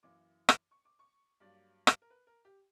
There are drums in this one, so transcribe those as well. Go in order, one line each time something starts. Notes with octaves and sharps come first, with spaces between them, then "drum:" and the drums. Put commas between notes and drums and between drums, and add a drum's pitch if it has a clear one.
F#2 E3 A#3 D6
drum: rim click
C#6
D6
C#6
G2 F#3 A#3 D5
drum: rim click
A#4
B4
A#4
G4